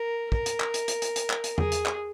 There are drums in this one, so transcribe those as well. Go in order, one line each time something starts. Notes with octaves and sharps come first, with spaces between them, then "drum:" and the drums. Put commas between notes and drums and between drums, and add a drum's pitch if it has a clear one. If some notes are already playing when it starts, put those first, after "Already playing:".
Already playing: A#4
A#4, drum: kick
drum: hi-hat
drum: clap
drum: hi-hat
drum: hi-hat
drum: hi-hat
drum: hi-hat
drum: clap
drum: hi-hat
G#4, drum: tom E2
drum: hi-hat
drum: clap